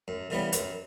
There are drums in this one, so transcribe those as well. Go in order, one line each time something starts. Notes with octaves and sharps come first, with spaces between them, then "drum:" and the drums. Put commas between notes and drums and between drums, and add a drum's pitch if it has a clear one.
F#2
C#3 E3 G3 B3
F#2, drum: hi-hat